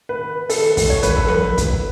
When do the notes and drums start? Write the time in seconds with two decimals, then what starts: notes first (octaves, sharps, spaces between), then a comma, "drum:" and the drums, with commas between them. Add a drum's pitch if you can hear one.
0.09 B4
0.50 A4, drum: open hi-hat
0.77 drum: kick, open hi-hat
0.90 C#5
1.03 B4, drum: kick, hi-hat
1.17 A4
1.28 B4, drum: tom F3
1.58 drum: kick, hi-hat